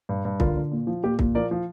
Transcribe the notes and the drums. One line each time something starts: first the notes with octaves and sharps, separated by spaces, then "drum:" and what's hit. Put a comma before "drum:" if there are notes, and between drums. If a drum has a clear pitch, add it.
G2
G2
D3 F4 A#4, drum: kick C2
D3
A#2
F3
A#2 G4
A#2, drum: kick C2
F3 A#4 D5
F3